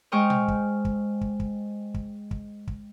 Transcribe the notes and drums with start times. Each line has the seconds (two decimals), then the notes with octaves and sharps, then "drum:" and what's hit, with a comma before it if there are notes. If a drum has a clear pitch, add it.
0.12 G#3 C5 G5 C#6 D#6 F6
0.30 drum: tom A#2
0.48 drum: kick
0.85 drum: kick
1.21 drum: kick
1.40 drum: kick
1.94 drum: kick
2.31 drum: kick
2.67 drum: kick